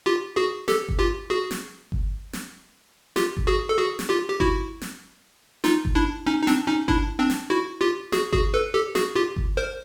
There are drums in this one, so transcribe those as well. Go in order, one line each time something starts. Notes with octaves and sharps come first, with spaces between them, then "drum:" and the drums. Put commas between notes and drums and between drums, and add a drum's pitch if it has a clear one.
F4 G4
F#4 G#4
G4 A4, drum: snare
drum: kick G1
F4 G4
F#4 G#4
drum: snare
drum: kick G1
drum: snare
F4 G4, drum: snare
drum: kick G1
F#4 G#4
A4
F#4 G#4
drum: snare
F4 G4
G4
E4 F#4, drum: kick G1
drum: snare
D#4 F4, drum: snare
drum: kick G1
D4 E4
C#4 D#4
D#4
C4 D4, drum: snare
C#4 D#4
D4 E4, drum: kick G1
C4 D4
drum: snare
E4 F#4
F4 G4
F#4 G#4, drum: snare
F#4 G#4, drum: kick G1
A4 B4
G4 A4
F#4 G#4, drum: snare
F4 G4
drum: kick G1
A#4 C5